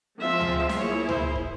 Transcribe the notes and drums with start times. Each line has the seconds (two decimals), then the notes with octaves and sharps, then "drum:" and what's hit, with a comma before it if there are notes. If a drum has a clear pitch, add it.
0.20 F3 G#3 C4 F4 E5
0.41 drum: tom C#2
0.69 drum: snare
0.79 A#3 E4 G#4 C#5
1.09 C5, drum: tom C#2
1.35 drum: kick